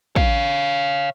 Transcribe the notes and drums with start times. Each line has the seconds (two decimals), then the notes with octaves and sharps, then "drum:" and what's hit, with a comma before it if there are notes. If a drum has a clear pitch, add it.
0.16 C#5 F5, drum: kick